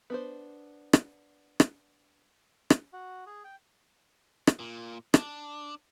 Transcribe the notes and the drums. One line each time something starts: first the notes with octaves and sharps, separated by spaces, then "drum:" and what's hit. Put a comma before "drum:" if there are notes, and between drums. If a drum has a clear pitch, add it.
B3 D4 C5
drum: rim click
drum: rim click
drum: rim click
F#4
G#4
G5
drum: rim click
A#2
D4, drum: rim click